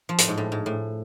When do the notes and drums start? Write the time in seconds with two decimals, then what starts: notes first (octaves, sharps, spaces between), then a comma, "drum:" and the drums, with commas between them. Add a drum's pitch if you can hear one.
0.09 F3
0.18 A2, drum: hi-hat
0.28 G#2
0.38 A2
0.52 G#2
0.66 A2